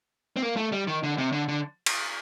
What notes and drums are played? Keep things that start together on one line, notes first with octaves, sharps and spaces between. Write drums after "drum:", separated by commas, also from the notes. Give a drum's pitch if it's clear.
C4
A#3
A3
G3
D#3
D3
C3
D3
D3
drum: cymbal